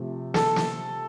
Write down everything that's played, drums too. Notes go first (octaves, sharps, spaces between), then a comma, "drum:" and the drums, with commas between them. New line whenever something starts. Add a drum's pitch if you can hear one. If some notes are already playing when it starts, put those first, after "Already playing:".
Already playing: C3 F3 A3
A4, drum: snare
drum: snare